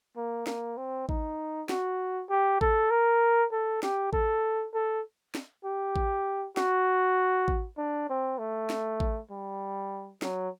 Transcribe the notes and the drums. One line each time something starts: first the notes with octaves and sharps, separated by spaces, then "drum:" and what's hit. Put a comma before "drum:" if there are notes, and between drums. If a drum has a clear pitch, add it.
A#3
A#3, drum: snare
C4
D#4, drum: kick A1
F#4, drum: snare
G4
A4, drum: kick A1
A#4
A4
G4, drum: snare
A4, drum: kick A1
A4
drum: snare
G4
drum: kick A1
F#4, drum: snare
drum: kick A1
D4
C4
A3
drum: snare
drum: kick A1
G3
F#3, drum: snare